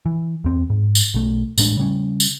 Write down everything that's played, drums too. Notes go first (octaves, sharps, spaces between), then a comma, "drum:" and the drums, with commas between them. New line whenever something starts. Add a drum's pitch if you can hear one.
E3
E2 C4
G#2
drum: tambourine
B1 A3
A1 A2 G#3 D4, drum: tambourine
C#3 G3 C#4
drum: tambourine